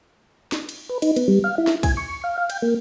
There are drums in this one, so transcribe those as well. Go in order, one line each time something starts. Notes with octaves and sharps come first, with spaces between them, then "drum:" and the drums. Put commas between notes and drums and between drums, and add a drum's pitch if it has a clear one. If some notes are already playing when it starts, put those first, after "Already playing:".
drum: snare
drum: cymbal
B4
D#4, drum: cymbal
B3, drum: cymbal
G3
F5
E4
drum: snare
G#5, drum: kick, cymbal
C#6
F5
F5
G5, drum: cymbal
A#3